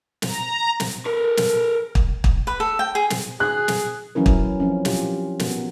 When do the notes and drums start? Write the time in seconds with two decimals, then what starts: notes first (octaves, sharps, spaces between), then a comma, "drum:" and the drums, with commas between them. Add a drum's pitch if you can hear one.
0.22 A#5, drum: snare
0.80 drum: snare
1.06 A#4 B4
1.37 drum: snare
1.95 drum: kick
2.24 drum: kick
2.47 B4
2.60 A4
2.79 G5
2.95 G#4
3.10 drum: snare
3.40 G#4 F#6
3.68 drum: snare
4.15 E3 F#3 C#4 E4 A#4
4.26 drum: kick
4.60 F3 C4 C#4
4.85 F4 G4, drum: snare
5.40 B3 F#4 A#4, drum: snare